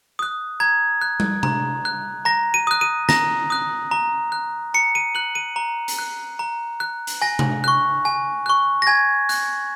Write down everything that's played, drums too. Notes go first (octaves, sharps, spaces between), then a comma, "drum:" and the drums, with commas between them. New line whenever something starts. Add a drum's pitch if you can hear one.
D#6 F#6
A#5 G#6
F#6
drum: tom G3
A#5, drum: tom C3
F#6
A#5 A#6
D#7
D#6 F#6
D#7
A#5 A#6, drum: snare
D#6 F#6
A#5
F#6
A#5 C#7
D#7
F#6 F#7
D#7
A#5
drum: hi-hat
F#6
A#5
F#6
drum: hi-hat
G#5 A#6
drum: tom C3
C#6 F#6
G#5
C#6 F#6
A#6
G#5 G#6
F#6, drum: hi-hat